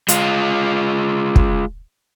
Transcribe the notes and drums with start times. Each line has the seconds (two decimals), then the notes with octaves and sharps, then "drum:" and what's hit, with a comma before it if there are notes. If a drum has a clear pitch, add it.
0.09 G#3 F4, drum: hi-hat
1.36 drum: kick